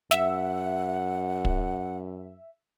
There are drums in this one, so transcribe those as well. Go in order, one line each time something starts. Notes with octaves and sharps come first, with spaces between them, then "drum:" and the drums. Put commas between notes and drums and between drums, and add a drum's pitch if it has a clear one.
F#2 E5 F#5, drum: snare
drum: kick